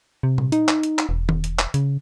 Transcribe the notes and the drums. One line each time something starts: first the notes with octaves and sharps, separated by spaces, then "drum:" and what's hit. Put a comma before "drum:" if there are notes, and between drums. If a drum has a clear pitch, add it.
C3
drum: tom A#2
D#4, drum: hi-hat
drum: clap
drum: hi-hat
drum: clap
E1
drum: tom D#3
drum: hi-hat
drum: clap
C#3, drum: hi-hat